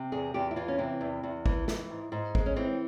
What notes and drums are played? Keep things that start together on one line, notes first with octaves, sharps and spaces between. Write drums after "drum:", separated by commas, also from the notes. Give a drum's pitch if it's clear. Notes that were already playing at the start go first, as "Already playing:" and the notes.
Already playing: C3
E2 G#4
E2 G4
E4
E3 F4
C#4
C3 E4
E2
E2
E3, drum: kick
E3, drum: snare
G#2
G#2
G#3, drum: kick
C#4
E3 C4